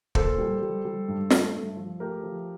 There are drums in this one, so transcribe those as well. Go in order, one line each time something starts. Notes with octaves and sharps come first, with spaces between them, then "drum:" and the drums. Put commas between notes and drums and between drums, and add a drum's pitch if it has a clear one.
A#2 A4 C5, drum: kick
G3
G3
G3
G2
A3, drum: snare
G2
F3
A3 G4 A#4
F3